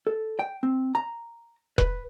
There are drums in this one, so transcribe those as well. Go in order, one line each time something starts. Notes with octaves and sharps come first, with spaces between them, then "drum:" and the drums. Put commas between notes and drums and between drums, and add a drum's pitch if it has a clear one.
A4
G5
C4
A#5
B4, drum: kick E1